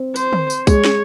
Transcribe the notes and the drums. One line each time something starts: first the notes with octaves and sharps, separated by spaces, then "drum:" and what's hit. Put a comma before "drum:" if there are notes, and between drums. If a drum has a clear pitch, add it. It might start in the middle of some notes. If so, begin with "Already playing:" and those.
Already playing: C4
C5, drum: tambourine
drum: tom
drum: tambourine
G#3 C#5, drum: kick C2, tambourine
drum: snare